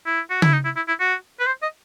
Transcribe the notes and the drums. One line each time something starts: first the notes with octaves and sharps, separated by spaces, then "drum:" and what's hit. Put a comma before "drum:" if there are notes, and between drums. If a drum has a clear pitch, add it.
E4
F#4
E4, drum: tom C#3
D#4
E4
E4
E4
F#4
B4
C5
D#5